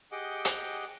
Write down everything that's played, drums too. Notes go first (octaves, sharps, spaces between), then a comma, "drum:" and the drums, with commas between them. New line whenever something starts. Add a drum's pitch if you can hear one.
G4 G#4 D#5 F#5 G5 D6
drum: hi-hat